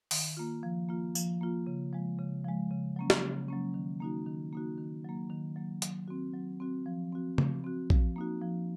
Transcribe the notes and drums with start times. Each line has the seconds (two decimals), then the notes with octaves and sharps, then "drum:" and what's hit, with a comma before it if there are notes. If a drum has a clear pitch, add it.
0.11 D#3, drum: open hi-hat
0.37 A#3 F4
0.63 F3
0.89 A#3 F4
1.15 F3, drum: tambourine
1.41 A#3 F4
1.67 C#3
1.93 F3 G#3
2.18 C#3
2.45 F3 G#3
2.71 C#3
2.96 F#3 A#3 C#4
3.10 drum: snare
3.23 C#3
3.48 F#3 A#3 C#4
3.74 D#3
4.00 A#3 D#4 F#4
4.26 D#3
4.53 A#3 D#4 F#4
4.78 D#3
5.05 F#3 A#3
5.30 D#3
5.56 F#3 A#3
5.82 F#3, drum: hi-hat
6.08 C4 F#4
6.34 F#3
6.60 C4 F#4
6.86 F3
7.12 C4 F#4
7.38 F3, drum: tom C#3
7.64 C4 F#4
7.90 F3, drum: kick A#1
8.16 A#3 D#4 F#4
8.42 F3